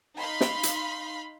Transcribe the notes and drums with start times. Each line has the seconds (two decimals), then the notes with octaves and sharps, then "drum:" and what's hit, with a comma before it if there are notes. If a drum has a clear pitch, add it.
0.18 D#4 F5 B5 C6
0.41 drum: snare
0.63 drum: hi-hat